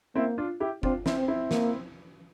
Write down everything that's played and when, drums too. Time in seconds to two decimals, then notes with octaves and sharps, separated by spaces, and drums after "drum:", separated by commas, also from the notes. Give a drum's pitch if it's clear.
0.15 A#3 C4 E4
0.38 D4 F4
0.60 E4 G4
0.83 C4 D4 F4, drum: kick F#1
1.06 C4 E4, drum: snare
1.17 C4
1.28 C4 E4
1.51 A#3, drum: snare